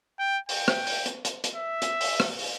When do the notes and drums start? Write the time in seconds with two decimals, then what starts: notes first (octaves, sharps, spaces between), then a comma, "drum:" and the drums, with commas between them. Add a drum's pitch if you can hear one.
0.19 G5
0.49 G5, drum: open hi-hat
0.68 drum: rim click
0.87 drum: open hi-hat
1.06 drum: hi-hat
1.25 drum: hi-hat
1.44 drum: hi-hat
1.55 E5
1.82 drum: hi-hat
2.01 drum: open hi-hat
2.20 drum: rim click
2.39 drum: open hi-hat